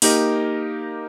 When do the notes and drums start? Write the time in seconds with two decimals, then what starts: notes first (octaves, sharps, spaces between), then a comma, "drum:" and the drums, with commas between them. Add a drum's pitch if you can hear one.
0.02 A#3 D#4 G4 A#4 D#5, drum: open hi-hat